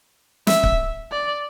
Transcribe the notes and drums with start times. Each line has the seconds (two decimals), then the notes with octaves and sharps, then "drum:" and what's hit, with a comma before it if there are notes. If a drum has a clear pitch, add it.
0.47 E5, drum: snare
0.63 drum: kick C#1
1.12 D5